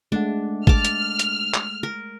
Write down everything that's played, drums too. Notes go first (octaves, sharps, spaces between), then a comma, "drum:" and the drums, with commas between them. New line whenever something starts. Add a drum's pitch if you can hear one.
G#3 A3 D4 F#5
A5 D6 F6, drum: kick
drum: hi-hat
drum: hi-hat
drum: clap
A#4